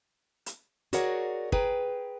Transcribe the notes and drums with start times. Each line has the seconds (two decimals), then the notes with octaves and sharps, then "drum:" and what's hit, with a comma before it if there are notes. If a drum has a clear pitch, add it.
0.46 drum: hi-hat
0.93 F#4 G#4 A#4 C#5 D5 F#5, drum: hi-hat
1.52 G#4 B4 G5 A#5, drum: kick